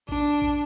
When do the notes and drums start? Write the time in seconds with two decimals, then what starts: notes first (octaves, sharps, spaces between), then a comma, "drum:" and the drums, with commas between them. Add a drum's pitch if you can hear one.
0.09 D4, drum: kick A1
0.42 drum: kick A1